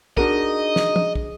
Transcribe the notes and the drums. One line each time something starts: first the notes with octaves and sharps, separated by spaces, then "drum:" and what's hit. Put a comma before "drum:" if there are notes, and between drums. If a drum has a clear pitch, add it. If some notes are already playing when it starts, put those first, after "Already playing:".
D4 D#4 F#4 G#4 A#4 D#5, drum: kick
drum: snare
drum: tom
drum: kick